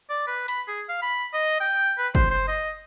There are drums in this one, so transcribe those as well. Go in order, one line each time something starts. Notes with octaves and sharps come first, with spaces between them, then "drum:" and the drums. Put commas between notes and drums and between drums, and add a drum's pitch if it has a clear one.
D5
B4
B5, drum: hi-hat
G#4
F5
B5
D#5
G5
B4
C5, drum: kick
C5
D#5